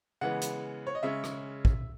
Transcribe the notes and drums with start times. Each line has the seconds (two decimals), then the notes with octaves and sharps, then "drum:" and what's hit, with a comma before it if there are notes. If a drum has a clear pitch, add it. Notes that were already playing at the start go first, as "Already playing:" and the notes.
0.21 C#3 E3 G#3 B3 F#5
0.42 drum: hi-hat
0.87 C#5
0.95 D#5
1.03 C#3 G#3 C#4 E5
1.24 drum: rim click
1.65 drum: kick